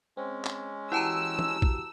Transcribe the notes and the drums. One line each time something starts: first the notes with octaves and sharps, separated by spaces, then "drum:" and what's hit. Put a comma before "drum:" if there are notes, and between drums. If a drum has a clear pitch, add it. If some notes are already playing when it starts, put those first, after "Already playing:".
G#3 C4 C#4
drum: clap
E3 E4 F#4 G4 A5 A#5 E6
drum: tom E3
drum: kick